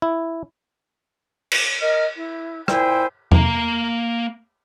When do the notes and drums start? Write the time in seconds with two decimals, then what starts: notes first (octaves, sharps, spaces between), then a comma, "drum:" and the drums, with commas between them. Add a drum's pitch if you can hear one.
0.02 E4
1.51 drum: cymbal
1.79 A#4 D#5 F6
2.16 E4
2.68 A#2 E4 C5 G5 G#5, drum: rim click
3.32 A#3 A#5, drum: tom E2